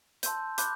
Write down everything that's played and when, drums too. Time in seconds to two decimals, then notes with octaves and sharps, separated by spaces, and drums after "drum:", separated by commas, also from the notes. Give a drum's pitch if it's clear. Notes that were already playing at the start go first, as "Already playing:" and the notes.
0.23 A5 C6 E6 G6, drum: hi-hat
0.58 B5 D6 F#6 G6, drum: hi-hat